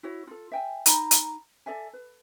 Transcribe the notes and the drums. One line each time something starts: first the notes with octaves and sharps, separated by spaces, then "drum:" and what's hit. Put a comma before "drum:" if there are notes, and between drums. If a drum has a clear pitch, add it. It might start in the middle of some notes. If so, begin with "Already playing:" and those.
E4 F#4 C#5
F4 A4
E5 G5 G#5
D#4 A#5 B5, drum: hi-hat
drum: hi-hat
A4 D5 E5 G#5
B4